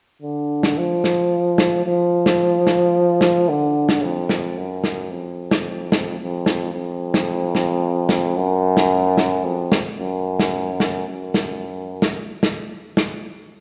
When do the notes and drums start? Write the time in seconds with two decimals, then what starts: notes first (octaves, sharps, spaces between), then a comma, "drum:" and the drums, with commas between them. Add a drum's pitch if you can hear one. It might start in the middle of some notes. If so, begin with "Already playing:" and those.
0.22 D3
0.63 drum: snare
0.77 F3
1.04 drum: snare
1.58 drum: snare
1.85 F3
2.26 drum: snare
2.67 drum: snare
3.21 drum: snare
3.49 D3
3.89 drum: snare
4.02 F2
4.29 drum: snare
4.57 F#2
4.84 drum: snare
5.11 F2
5.51 drum: snare
5.92 drum: snare
6.19 F2
6.46 drum: snare
6.73 F2
7.14 drum: snare
7.55 drum: snare
8.09 drum: snare
8.36 F#2
8.77 drum: snare
9.17 drum: snare
9.44 F2
9.72 drum: snare
9.99 F#2
10.39 drum: snare
10.80 drum: snare
11.07 F#2
11.34 drum: snare
12.02 drum: snare
12.43 drum: snare
12.97 drum: snare